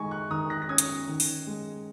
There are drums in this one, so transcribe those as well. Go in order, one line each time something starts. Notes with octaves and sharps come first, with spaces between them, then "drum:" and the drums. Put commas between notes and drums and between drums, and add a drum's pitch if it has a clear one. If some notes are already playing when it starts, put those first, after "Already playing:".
Already playing: D#3 G#3 G#5 A#5 C#6
C#6 F#6
D#3 A#5 D#6
F#6 A#6
A#6
C#4 D#6 G#6
drum: hi-hat
D#3
drum: open hi-hat
G#3